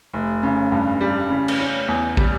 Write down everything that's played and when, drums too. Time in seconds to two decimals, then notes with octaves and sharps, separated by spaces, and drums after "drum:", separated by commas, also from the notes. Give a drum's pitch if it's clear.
0.14 F1
0.43 C#3
0.72 G2
1.01 G3
1.30 C#3
1.48 drum: cymbal
1.60 C#4
1.88 E2
2.17 G3, drum: kick